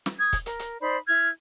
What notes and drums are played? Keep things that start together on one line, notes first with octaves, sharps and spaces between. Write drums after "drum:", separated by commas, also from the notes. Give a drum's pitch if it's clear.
drum: snare
D#6 G#6
drum: kick, hi-hat
A#4, drum: hi-hat
drum: hi-hat
D#4 C5 D5 B5
E4 F6 G#6